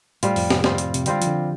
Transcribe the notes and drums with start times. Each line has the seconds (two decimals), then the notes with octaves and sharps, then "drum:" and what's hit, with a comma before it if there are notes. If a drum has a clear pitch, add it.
0.23 A2 G3 A3 C4 F4, drum: hi-hat
0.36 F2 F3, drum: open hi-hat
0.50 C3, drum: snare
0.64 G3 C4 F4, drum: snare
0.78 drum: hi-hat
0.94 C3, drum: hi-hat
1.06 D3 G3 C4 F4, drum: hi-hat
1.22 F3, drum: hi-hat
1.27 D3